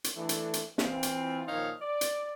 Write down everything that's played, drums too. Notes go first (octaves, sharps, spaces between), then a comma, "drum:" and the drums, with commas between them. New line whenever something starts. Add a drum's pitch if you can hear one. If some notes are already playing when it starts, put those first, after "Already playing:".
drum: hi-hat
E3 A3 D4
drum: hi-hat
drum: hi-hat
E3 C4 F4, drum: snare
drum: hi-hat
A#2 D#3 F3 D#4 C#5 F5
D5
drum: hi-hat